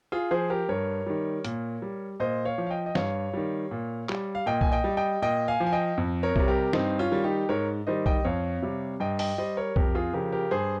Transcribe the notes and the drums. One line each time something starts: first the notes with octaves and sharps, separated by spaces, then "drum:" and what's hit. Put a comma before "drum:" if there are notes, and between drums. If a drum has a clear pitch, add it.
F4 G#4
F3 G#4 C5
G4 A#4
G2 A#4 C#5
D#3 G3
A#2, drum: hi-hat
G3
A#2 C5 D#5
C#5 F5
F3
F5
D#5 G5
D#5
G2 C#5 F5, drum: snare
D#3 G3
A#2
G3, drum: clap
F5
A#2 D#5 G5
G#5, drum: kick B1
D#5 G5
G3
D#5 G5
A#2 D#5 G5
F5 G#5
F3
G#5
D#5 G5
F2
A#4 C#5
C3 G3, drum: kick B1
G4 A#4
G2 C4 D#4, drum: snare
C#4 F4
D#3 G3
D#4 G4
G#2 A#4 C#5
D#3 G3 C5 D#5
D#5 G5, drum: kick B1
F2 C#5 F5
C3 G3
G2 D#5 G5
D#5 G5, drum: open hi-hat
G3 C5 D#5
A#4 C#5
F2 G4 A#4, drum: kick B1
F4 G#4
C#3 F3 G4 A#4
G4 A#4
G2 G#4 C5